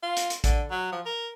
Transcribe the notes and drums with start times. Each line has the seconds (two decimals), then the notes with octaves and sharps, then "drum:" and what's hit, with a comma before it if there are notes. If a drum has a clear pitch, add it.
0.03 F4
0.17 drum: hi-hat
0.30 drum: hi-hat
0.44 D3, drum: kick A1, hi-hat
0.71 F#3
0.92 F3
1.06 A#4